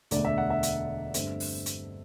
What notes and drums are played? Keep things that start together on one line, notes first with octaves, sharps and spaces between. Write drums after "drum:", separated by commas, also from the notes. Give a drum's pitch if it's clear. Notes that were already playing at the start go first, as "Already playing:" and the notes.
E1 D2 D3 A3 D5, drum: hi-hat
E5
F#5
E5
drum: hi-hat
G2 D3 A3 C4, drum: hi-hat
drum: open hi-hat
drum: hi-hat